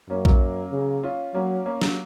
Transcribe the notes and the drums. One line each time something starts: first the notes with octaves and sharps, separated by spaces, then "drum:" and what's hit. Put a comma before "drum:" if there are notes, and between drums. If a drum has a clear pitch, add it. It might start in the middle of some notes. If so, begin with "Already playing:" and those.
F#2 A#3 C#4
F#3 A#3, drum: kick A#1
C#3
C#4 F4
F#3 A#3 C#4
A#3 C#4
F#3 A#3, drum: snare